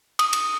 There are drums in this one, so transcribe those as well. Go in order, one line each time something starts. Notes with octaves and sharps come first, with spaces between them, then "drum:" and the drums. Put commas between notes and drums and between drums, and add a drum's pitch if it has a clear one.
D#6, drum: cymbal
drum: cymbal